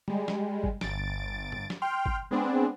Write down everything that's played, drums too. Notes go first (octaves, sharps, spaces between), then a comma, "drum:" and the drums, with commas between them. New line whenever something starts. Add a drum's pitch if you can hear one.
G3 G#3, drum: tom D3
drum: snare
drum: kick
G1 A6 D7, drum: snare
drum: tom
drum: snare
G5 C6 F6
drum: kick
G#3 B3 C4 D4 G#4